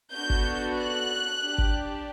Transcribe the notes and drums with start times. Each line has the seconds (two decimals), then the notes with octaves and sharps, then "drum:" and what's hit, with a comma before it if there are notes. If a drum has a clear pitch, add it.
0.14 B3 D4 F#4 A4 G6
0.30 drum: kick G1
0.78 F#6
1.42 D4 G4
1.58 drum: kick G1